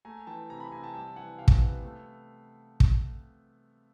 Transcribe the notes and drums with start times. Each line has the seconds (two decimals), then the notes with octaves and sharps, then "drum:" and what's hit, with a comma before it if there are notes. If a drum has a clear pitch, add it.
0.05 A3 G#5 A#5
0.27 E3 G5 A5
0.49 C3 G#5 A#5
0.60 A5 B5
0.71 C3 G#5 A#5
0.83 G5 A5
0.94 G3 G5 A5
1.16 E3 F#5 G#5
1.38 C3 F5 G5
1.48 drum: kick
1.62 B3
1.83 A3
2.80 drum: kick